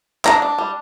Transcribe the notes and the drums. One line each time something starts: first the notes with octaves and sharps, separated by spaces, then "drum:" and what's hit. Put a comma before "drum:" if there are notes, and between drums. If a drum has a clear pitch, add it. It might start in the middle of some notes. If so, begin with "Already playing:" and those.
D4 A#5, drum: clap
D4
G3